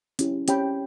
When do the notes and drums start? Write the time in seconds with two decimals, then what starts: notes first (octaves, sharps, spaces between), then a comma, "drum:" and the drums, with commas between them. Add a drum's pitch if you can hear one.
0.19 C#4 E4 G4, drum: hi-hat
0.48 C#4 G4 C#5 G5 B5, drum: hi-hat